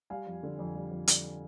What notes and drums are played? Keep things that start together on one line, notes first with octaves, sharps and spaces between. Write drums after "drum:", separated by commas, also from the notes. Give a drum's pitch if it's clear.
G3 F5 G#5
F2
D3
F2
G3
F2
D3, drum: hi-hat